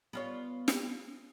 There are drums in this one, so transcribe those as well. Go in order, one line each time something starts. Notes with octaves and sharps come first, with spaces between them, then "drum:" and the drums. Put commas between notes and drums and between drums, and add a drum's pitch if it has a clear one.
B3 F4 C#5
drum: snare